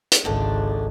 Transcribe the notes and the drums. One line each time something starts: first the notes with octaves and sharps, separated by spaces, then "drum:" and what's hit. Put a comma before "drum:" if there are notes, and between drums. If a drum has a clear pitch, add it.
drum: hi-hat
G#1 C#2 D3 A3 D4